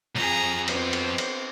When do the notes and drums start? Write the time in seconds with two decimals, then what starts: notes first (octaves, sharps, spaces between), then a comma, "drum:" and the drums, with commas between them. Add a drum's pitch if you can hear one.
0.16 B1 F2 G#4 A#5
0.68 B3 C4, drum: cymbal
0.93 drum: cymbal
1.18 drum: cymbal